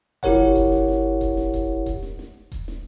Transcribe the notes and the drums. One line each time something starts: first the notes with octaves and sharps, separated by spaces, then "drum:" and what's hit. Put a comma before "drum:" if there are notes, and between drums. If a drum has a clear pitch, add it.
G1 E4 G4 A#4 C#5 F#5, drum: kick D#1, hi-hat
drum: kick D#1, hi-hat
drum: snare
drum: snare
drum: kick D#1, hi-hat
drum: snare
drum: kick D#1, hi-hat
drum: kick D#1, hi-hat
drum: snare
drum: snare
drum: kick D#1, hi-hat
drum: snare